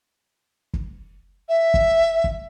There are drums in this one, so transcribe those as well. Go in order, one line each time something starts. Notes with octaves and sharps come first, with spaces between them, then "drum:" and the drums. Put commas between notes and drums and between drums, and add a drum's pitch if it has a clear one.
drum: kick
E5
drum: kick
drum: kick